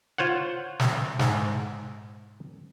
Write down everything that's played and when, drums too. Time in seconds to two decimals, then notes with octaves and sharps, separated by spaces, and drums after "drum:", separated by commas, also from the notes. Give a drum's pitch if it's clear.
0.18 F4 C5 C#5 F#5
0.80 drum: snare
1.19 G#2, drum: snare